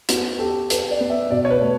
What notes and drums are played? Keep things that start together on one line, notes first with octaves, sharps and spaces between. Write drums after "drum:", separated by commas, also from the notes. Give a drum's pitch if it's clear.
B3 F#4, drum: hi-hat
G4 A4
A4 B4, drum: hi-hat
D5
B3
E5
B2 D5
C#5
B4
A3